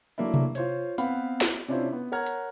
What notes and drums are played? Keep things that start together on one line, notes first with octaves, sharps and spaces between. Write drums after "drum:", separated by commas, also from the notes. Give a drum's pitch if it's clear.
F#3 A3 A#3 D4 E4
drum: tom C3
F4 C5 C#5, drum: hi-hat
B3 C4 B4 F5 F#5 B5, drum: hi-hat
drum: snare
C3 C#4 D4 E4 F4 C5
B3
A#4 C#5 F#5 A#5 F6 G#6
drum: hi-hat